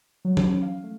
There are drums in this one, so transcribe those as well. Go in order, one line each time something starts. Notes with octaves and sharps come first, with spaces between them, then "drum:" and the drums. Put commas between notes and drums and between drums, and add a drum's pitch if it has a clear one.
F#3
drum: tom E3
C#4
F5
A3